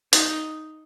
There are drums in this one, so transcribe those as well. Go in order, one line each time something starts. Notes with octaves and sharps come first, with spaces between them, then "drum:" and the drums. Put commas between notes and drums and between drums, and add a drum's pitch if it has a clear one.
D#4, drum: hi-hat